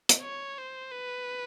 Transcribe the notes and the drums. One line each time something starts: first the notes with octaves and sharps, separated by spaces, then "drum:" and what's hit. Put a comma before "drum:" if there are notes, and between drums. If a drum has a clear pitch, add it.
drum: hi-hat
C#5
C5
B4